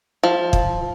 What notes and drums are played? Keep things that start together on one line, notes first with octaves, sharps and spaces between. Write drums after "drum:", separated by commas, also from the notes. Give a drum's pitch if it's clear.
F3
drum: kick